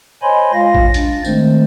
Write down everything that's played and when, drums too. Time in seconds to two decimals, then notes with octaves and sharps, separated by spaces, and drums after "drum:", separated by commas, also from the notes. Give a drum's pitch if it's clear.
0.22 C5 C#5 D#5 G#5 B5 C6
0.53 G#3 F4 F5 A#6
0.75 drum: kick A#1
0.94 D4 A6, drum: hi-hat
1.25 D#3 G#3 A3 C4 C5, drum: tambourine